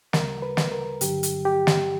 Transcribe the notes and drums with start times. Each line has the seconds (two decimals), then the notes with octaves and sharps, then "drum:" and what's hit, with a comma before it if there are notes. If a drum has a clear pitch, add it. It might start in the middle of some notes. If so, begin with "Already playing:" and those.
0.13 D2 C#3 G3 A#4, drum: snare
0.42 B4
0.57 drum: snare
0.72 A#4
1.01 G2 D3 F#3 G4, drum: hi-hat
1.23 drum: hi-hat
1.45 G4
1.67 drum: snare